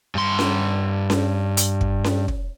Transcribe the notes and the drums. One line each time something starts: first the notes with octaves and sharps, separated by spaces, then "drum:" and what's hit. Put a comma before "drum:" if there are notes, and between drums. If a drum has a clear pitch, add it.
G2 C6
drum: snare C#4
drum: snare C#4
drum: hi-hat
drum: kick
drum: snare C#4
drum: kick